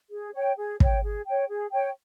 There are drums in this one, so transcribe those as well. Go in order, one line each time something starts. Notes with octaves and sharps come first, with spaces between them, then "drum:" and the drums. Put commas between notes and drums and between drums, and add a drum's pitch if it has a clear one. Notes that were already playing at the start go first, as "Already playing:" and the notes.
G#4
C#5 G5
G#4
C#5 G5, drum: kick
G#4
C#5 G5
G#4
C#5 G5